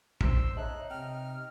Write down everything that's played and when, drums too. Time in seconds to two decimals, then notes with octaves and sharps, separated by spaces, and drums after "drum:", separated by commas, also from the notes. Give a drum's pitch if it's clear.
0.21 D4 C5 C6 E6, drum: kick
0.57 D#4 C#5 E5 A5 F#6
0.90 C3 G5 F6